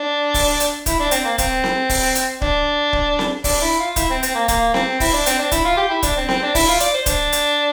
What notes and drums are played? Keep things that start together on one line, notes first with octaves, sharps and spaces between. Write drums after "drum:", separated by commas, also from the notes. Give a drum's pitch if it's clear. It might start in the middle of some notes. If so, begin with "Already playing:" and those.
Already playing: D4
drum: kick D1, open hi-hat
drum: hi-hat
E4, drum: kick D1, hi-hat
D4
C4, drum: hi-hat
A#3
C4, drum: kick D1, hi-hat
drum: snare C4
drum: kick D1, open hi-hat
drum: hi-hat
D4, drum: kick D1
drum: kick D1
drum: snare C4
D4, drum: kick D1, open hi-hat
E4
F4
E4, drum: kick D1, hi-hat
C4
C4, drum: hi-hat
A#3
A#3, drum: kick D1, hi-hat
C4, drum: snare C4
E4, drum: kick D1, open hi-hat
D4
C4, drum: hi-hat
D4
E4, drum: kick D1, hi-hat
F4
G4
E4
D4, drum: kick D1, hi-hat
C4
C4, drum: snare C4
D4
E4, drum: kick D1, open hi-hat
F4
D5, drum: hi-hat
C5
D4, drum: kick D1, hi-hat
drum: hi-hat